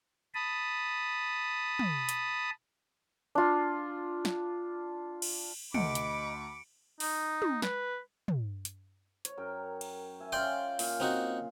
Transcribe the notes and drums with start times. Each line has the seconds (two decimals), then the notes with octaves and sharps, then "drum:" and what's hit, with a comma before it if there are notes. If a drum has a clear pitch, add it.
0.34 A5 B5 D#6
1.79 drum: tom
2.09 drum: hi-hat
3.35 D4 F4
4.25 drum: snare
5.22 drum: cymbal
5.74 D2 D#5 B5 D6 C#7 D7, drum: tom
5.95 drum: hi-hat
7.00 D#4, drum: open hi-hat
7.42 drum: tom
7.62 B4, drum: snare
8.28 drum: tom
8.65 drum: hi-hat
9.25 C#5, drum: hi-hat
9.37 F#2 A#4 G5
9.81 drum: cymbal
10.20 E5 G#5
10.32 C#4 F4 D5 G5 C6
10.79 A#2, drum: open hi-hat
11.00 C4 D#4 F#4